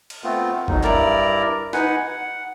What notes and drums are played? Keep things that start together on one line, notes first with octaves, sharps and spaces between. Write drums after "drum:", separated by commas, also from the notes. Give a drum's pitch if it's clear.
drum: cymbal
A3 B3 C4 F4
F2 B2 F#3 G#3 D#4, drum: kick
G2 E4 A#4 D5 A#5, drum: clap
D#4 B4 F#5 G#5, drum: snare
F#5